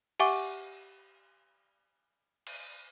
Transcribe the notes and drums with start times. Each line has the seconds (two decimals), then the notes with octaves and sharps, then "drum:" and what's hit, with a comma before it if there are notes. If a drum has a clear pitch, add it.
0.20 G4 E5 F#5 G#5 C#6 D6, drum: cymbal
2.47 drum: cymbal